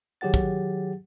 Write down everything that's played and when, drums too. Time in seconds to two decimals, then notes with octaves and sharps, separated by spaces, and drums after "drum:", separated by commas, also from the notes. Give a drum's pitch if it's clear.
0.21 D#3 F#3 G4 G#4 F#5 A6
0.34 drum: kick